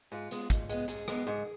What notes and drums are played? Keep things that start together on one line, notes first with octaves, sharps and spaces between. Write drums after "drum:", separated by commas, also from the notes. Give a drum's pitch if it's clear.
G#2 F4
G#3 B3, drum: hi-hat
G#2, drum: kick, hi-hat
G#3 B3, drum: hi-hat
G#2 G#4, drum: hi-hat
G#3 B3, drum: rim click
G#2